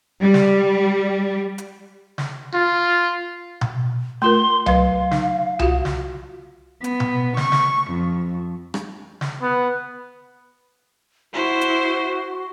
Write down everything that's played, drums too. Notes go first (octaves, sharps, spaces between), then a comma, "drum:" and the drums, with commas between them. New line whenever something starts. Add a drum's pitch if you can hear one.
G3
drum: snare
drum: hi-hat
drum: snare
F4
drum: tom B2
A3 F4 A#4 C6
F#3 B4 F5, drum: tom C2
D#4, drum: snare
F4 F#4, drum: tom C2
drum: snare
B3, drum: hi-hat
drum: tom B2
C#6, drum: snare
drum: snare
F2
drum: rim click
drum: snare
B3
E4 F#4 C5
drum: hi-hat